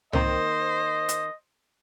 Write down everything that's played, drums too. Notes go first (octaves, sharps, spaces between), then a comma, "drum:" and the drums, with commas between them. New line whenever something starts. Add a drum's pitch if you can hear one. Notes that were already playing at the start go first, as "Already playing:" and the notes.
D#3 A#3 C4 C5 D#5, drum: tom C2
drum: hi-hat